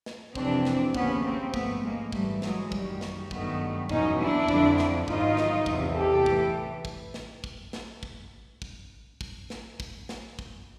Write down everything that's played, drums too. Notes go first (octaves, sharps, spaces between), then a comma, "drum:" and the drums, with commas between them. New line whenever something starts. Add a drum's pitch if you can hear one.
drum: snare
F2 C3 E3 C4 D4, drum: kick
drum: snare
D#2 C#3 F3 B3 C#4, drum: kick
A#3 C4
G#2 F3 A3 B3, drum: kick
G#3 A#3
G#2 E3 G3 A3, drum: kick
F#3 G#3, drum: snare
F#2 D#3 F#3 G3, drum: kick
drum: snare
G2 D#3 F#3 A3 B3, drum: kick
E2 B2 F#3 C#4 D#4, drum: kick
D4 E4
F2 D3 F3, drum: kick
drum: snare
G#2 D#3 F#3 D#4 F4, drum: kick
drum: snare
E2 C3 E3, drum: kick
G4 A4
A2 E3, drum: kick
drum: kick
drum: snare
drum: kick
drum: snare
drum: kick
drum: kick
drum: kick
drum: snare
drum: kick
drum: snare
drum: kick